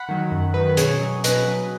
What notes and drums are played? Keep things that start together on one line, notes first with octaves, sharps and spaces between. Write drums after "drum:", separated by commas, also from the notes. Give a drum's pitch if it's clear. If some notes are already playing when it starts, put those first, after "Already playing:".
Already playing: F#5 B5
D#3 F#3
F#2
D#3 F#3 B4
B4
B2 G#4 C#5, drum: hi-hat
F#3
B2 B4 D#5, drum: hi-hat
F#3